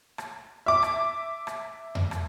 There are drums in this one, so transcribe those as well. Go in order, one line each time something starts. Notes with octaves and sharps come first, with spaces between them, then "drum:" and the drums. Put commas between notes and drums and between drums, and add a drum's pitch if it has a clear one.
drum: rim click
E5 D6
drum: rim click
drum: rim click
drum: tom E2
drum: rim click